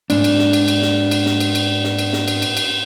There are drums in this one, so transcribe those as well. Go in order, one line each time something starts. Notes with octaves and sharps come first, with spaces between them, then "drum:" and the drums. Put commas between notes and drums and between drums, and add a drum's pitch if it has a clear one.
G#2 D4, drum: cymbal
drum: cymbal
drum: snare
drum: cymbal
drum: cymbal
drum: snare
drum: cymbal
drum: snare
drum: cymbal
drum: cymbal
drum: snare
drum: cymbal
drum: snare
drum: cymbal
drum: cymbal
drum: cymbal